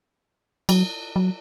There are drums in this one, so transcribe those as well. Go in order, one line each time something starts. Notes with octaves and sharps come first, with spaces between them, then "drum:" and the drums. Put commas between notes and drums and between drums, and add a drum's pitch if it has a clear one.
F#3, drum: cymbal
F#3